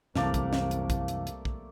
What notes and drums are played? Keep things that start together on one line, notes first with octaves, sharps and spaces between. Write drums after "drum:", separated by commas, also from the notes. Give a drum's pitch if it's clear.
C2 F#2 C3 E3 A3 A#3 D5 F5, drum: snare
drum: kick, hi-hat
drum: snare
drum: hi-hat
drum: kick, hi-hat
drum: hi-hat
drum: hi-hat
drum: kick